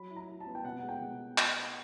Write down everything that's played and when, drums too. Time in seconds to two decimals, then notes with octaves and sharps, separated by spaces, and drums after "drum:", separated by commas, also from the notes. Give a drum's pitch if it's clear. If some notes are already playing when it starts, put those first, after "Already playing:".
Already playing: F#3 B5
0.10 E4
0.16 A#5
0.28 E4
0.40 A5
0.47 B3
0.55 G5
0.65 B2 F#5
0.79 G#3 F#5
0.89 G5
1.01 B2
1.38 drum: clap